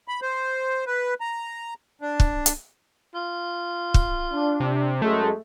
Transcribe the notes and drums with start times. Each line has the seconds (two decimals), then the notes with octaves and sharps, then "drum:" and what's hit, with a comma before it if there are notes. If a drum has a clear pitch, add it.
0.08 B5
0.22 C5
0.86 B4
1.21 A#5
2.01 D4
2.20 drum: kick
2.46 drum: hi-hat
3.15 F4
3.94 drum: kick
4.31 D4
4.60 C3
5.02 F#2 G#3 A3